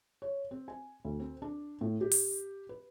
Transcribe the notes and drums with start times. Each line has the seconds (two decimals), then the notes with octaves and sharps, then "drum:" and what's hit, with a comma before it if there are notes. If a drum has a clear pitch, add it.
0.22 C#5
0.51 C4
0.68 G#5
1.05 D2
1.20 C4
1.42 D4
1.81 A2
2.01 G4
2.11 drum: open hi-hat
2.69 B4